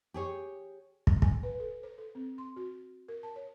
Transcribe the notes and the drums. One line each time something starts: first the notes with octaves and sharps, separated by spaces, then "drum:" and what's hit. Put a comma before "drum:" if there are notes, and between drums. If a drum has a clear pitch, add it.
G4 G#4 C#5
drum: kick
G#5, drum: kick
B4
A4
C5
A4
C4
C6
F#4
A#4
A5
C#5